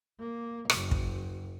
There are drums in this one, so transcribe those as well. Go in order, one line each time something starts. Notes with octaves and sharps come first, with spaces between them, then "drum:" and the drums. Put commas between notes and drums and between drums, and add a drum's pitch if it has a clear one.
A#3
F#1, drum: rim click
drum: kick